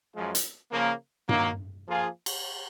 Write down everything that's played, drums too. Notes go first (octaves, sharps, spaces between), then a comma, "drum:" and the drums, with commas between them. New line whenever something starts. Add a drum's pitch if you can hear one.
F#2 F3 G#3
drum: hi-hat
C#3 F3 A#3
D#3 F#3 A#3, drum: tom G2
F3 A#3 F4 G#4
drum: cymbal